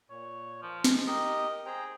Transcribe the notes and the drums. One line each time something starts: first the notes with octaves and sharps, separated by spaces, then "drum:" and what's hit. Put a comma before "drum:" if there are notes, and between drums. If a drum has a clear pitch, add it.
A#2 C#5
F3
G#3, drum: snare
D#4 G4 A#4 D#5
G#4 C5 G5 A#5